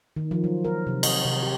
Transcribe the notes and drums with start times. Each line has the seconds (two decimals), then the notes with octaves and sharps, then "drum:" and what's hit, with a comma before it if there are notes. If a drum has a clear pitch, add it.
0.16 D#3
0.31 F3
0.44 F#3
0.65 A#4
0.87 C3
1.03 D#5, drum: cymbal
1.25 C3
1.43 G4